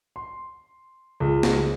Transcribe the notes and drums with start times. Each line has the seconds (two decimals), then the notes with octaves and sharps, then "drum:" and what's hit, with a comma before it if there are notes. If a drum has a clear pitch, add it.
0.16 C6
1.20 C#2
1.43 drum: snare